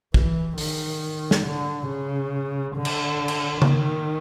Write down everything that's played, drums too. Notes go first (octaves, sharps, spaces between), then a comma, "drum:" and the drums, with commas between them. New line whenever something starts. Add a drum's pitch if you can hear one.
E3, drum: kick
D#3, drum: open hi-hat
drum: snare
D3
C#3
D3
drum: cymbal
drum: cymbal
D#3, drum: tom C#3